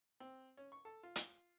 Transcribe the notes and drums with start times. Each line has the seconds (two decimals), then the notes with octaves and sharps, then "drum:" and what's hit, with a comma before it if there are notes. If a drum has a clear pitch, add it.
0.20 C4
0.57 C#4
0.72 C#6
0.85 A4
1.03 F4
1.16 drum: hi-hat